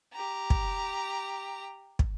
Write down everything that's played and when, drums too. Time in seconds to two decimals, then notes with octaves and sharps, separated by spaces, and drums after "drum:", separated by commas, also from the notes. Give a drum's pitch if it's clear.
0.13 G4 A#5
0.50 drum: kick
1.99 drum: kick